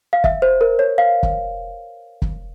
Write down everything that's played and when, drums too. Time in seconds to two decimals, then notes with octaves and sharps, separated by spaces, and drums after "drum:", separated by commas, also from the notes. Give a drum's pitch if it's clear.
0.13 F5
0.24 E5, drum: kick
0.42 C5
0.61 A#4
0.79 C#5
0.98 F5
1.23 drum: kick
2.22 drum: kick